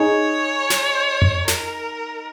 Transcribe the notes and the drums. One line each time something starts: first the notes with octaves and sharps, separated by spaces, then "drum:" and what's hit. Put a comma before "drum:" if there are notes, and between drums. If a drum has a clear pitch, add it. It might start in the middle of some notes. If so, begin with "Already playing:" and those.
Already playing: D#4 G#4 C#5
drum: snare
drum: tom F2
A#4, drum: snare